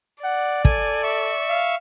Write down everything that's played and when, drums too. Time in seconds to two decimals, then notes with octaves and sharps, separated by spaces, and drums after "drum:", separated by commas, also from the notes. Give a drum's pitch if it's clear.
0.24 D5 F#5
0.65 A4 G#5, drum: kick
1.03 E5 C#6
1.49 F5